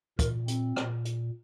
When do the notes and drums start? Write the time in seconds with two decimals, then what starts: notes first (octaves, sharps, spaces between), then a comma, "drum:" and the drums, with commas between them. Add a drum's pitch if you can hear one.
0.19 A#2 A#4, drum: kick, hi-hat
0.48 C4, drum: hi-hat
0.76 A#2, drum: rim click
1.05 drum: hi-hat